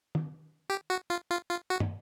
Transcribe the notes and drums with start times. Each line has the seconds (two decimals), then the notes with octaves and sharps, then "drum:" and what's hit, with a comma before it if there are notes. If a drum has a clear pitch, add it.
0.15 drum: tom
0.70 G4
0.90 F#4
1.10 F4
1.31 F4
1.50 F4
1.70 F#4
1.80 drum: tom